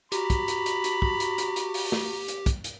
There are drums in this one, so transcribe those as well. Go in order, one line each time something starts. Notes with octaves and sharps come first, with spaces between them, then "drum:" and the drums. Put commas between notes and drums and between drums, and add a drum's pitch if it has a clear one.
F#4 G4 A#5 B5, drum: hi-hat
drum: kick, hi-hat
drum: hi-hat
drum: hi-hat
drum: hi-hat
drum: kick
drum: hi-hat
drum: hi-hat
drum: hi-hat
drum: open hi-hat
drum: snare
drum: hi-hat
drum: kick, hi-hat
drum: hi-hat